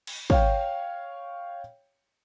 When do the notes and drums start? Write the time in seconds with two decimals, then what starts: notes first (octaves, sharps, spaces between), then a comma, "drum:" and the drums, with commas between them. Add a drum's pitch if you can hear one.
0.07 drum: cymbal
0.30 C#5 F5 G5, drum: kick